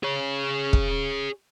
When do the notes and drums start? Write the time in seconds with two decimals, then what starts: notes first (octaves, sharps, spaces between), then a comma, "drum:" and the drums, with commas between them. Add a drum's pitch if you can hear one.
0.03 G#4 C#5
0.73 drum: kick